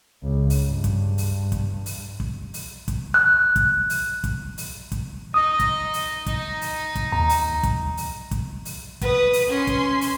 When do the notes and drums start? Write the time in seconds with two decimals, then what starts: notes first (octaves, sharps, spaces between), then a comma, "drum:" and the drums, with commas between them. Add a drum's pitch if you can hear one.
0.22 C#2
0.50 drum: open hi-hat
0.63 G2
0.84 drum: kick, hi-hat
1.18 drum: open hi-hat
1.52 drum: kick, hi-hat
1.86 drum: open hi-hat
2.20 drum: kick
2.54 drum: open hi-hat
2.88 drum: kick, hi-hat
3.14 F#6
3.56 drum: kick, hi-hat
3.90 drum: open hi-hat
4.24 drum: kick, hi-hat
4.58 drum: open hi-hat
4.92 drum: kick, hi-hat
5.34 D#4 D#5 D#6
5.60 drum: kick, hi-hat
5.94 drum: open hi-hat
6.26 D#4, drum: kick, hi-hat
6.61 drum: open hi-hat
6.95 drum: kick, hi-hat
7.12 D#2 A#5
7.29 drum: open hi-hat
7.63 drum: kick, hi-hat
7.97 drum: open hi-hat
8.31 drum: kick, hi-hat
8.65 drum: open hi-hat
9.01 B4 D#6, drum: kick, hi-hat
9.33 drum: open hi-hat
9.50 C#4 C6
9.67 drum: kick, hi-hat
10.01 drum: open hi-hat